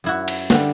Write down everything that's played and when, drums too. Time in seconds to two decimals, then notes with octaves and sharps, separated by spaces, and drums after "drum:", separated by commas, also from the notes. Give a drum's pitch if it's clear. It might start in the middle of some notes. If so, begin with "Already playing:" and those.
0.04 F#2 E4 F#4
0.28 drum: cymbal
0.50 D3 G3, drum: snare